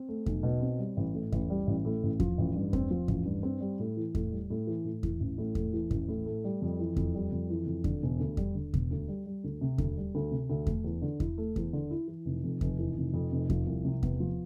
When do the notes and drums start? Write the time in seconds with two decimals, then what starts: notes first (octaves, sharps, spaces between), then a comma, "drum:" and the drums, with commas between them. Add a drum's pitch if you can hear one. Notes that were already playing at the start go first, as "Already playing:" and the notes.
Already playing: C4
0.08 A3
0.26 B1, drum: kick E2
0.43 B2
0.61 C4
0.79 G3
0.97 A1
1.14 A2
1.32 A1, drum: kick E2
1.50 G3
1.67 A1
1.85 A2
2.03 A1
2.20 F3, drum: kick E2
2.38 A1
2.55 G2
2.73 C4, drum: kick E2
2.91 F3
3.08 A1, drum: kick E2
3.25 G2
3.43 C4
3.61 G3
3.79 A2
3.97 E3
4.15 A2, drum: kick E2
4.32 G3
4.50 A2
4.67 E3
4.85 A2
5.03 E3, drum: kick E2
5.20 A1
5.38 A2
5.55 A3, drum: kick E2
5.73 E3
5.91 A1, drum: kick E2
6.08 A2
6.26 A3
6.44 G3
6.62 F2
6.79 E3
6.96 F2, drum: kick E2
7.15 G3
7.32 F2
7.50 E3
7.67 F2
7.84 D3, drum: kick E2
8.03 E1
8.20 D2
8.37 G3, drum: kick E2
8.55 D3
8.74 E1, drum: kick E2
8.91 D2
9.08 G3
9.26 G3
9.44 D2
9.61 C3
9.78 D2, drum: kick E2
9.97 G3
10.15 D2
10.31 C3
10.50 D2
10.67 A3, drum: kick E2
10.84 E2
11.02 D3
11.20 E4, drum: kick E2
11.38 A3
11.56 E2, drum: kick E2
11.73 D3
11.90 E4
12.08 E3
12.25 F1
12.44 F2
12.61 F1, drum: kick E2
12.79 E3
12.97 F1
13.14 F2
13.32 F1
13.50 F3, drum: kick E2
13.67 C2
13.85 C3
14.03 B3, drum: kick E2
14.20 F3